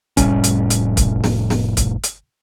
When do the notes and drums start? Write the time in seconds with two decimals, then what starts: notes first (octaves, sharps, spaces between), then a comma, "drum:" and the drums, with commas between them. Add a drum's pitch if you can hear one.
0.17 F1 A2 G3 C#4, drum: kick, hi-hat
0.44 drum: hi-hat
0.70 drum: hi-hat
0.97 drum: kick, hi-hat
1.24 drum: snare
1.50 drum: snare
1.77 drum: kick, hi-hat
2.04 drum: hi-hat